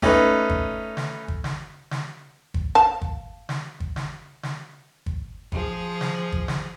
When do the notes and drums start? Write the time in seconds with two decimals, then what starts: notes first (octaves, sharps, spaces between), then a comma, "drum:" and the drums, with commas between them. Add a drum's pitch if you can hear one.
0.02 A3 C#4 D#4 B4, drum: kick G1
0.50 drum: kick G1
0.97 drum: snare
1.28 drum: kick G1
1.44 drum: snare
1.91 drum: snare
2.54 drum: kick G1
2.75 F5 A5
3.02 drum: kick G1
3.49 drum: snare
3.80 drum: kick G1
3.96 drum: snare
4.43 drum: snare
5.06 drum: kick G1
5.52 F3 G#4, drum: kick G1
6.01 drum: snare
6.32 drum: kick G1
6.48 drum: snare